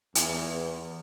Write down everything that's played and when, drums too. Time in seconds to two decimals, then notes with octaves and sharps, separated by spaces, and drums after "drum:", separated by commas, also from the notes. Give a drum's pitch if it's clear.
0.15 E2, drum: hi-hat